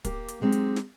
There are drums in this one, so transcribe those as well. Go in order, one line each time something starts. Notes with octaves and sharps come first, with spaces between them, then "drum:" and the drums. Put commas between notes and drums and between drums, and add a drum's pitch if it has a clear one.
A#3 G4, drum: kick, hi-hat
drum: hi-hat
F#3 G#3 C4 D4 D#4 G4
drum: hi-hat
drum: snare